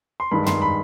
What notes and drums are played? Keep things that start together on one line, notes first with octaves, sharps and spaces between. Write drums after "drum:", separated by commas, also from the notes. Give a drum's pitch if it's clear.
C6
G2 D#3 G#3 B5
C6, drum: tom
B5